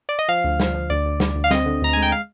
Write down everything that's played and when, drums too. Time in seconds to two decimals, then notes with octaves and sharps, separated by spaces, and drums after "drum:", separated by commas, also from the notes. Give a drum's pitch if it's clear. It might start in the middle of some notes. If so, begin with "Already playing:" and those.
0.09 D5
0.19 D#5
0.28 F3 F5
0.44 D2
0.60 F3, drum: snare
0.75 F3
0.90 D2 D5
1.05 D2
1.20 D2, drum: snare
1.36 D2
1.44 F5
1.51 C4 D#5, drum: snare
1.66 D3
1.81 D2 A#5
1.93 G#3 G#5
2.02 G5
2.12 F5